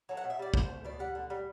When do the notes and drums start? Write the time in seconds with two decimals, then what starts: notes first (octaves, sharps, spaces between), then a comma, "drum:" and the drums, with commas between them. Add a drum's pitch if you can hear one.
0.09 F#3 A3
0.17 F#5
0.24 B2
0.30 E5
0.39 G3 D5
0.54 D3 C5, drum: kick
0.69 A3
0.85 B2 D5
0.99 G3 F#5
1.15 D3
1.30 G3